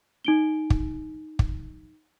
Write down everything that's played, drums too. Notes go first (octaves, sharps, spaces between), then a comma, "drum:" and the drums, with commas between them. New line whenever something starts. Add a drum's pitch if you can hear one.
D#4 D7 G7
drum: kick
drum: kick